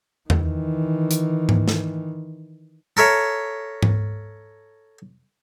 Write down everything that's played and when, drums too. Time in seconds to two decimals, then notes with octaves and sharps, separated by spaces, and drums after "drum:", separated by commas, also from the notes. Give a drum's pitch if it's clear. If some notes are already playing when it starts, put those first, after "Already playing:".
0.30 D#3 E3, drum: tom E2
1.11 drum: hi-hat
1.49 drum: tom G#2
1.68 drum: snare
2.97 A4 A#4 C#5 E5
3.83 drum: tom G#2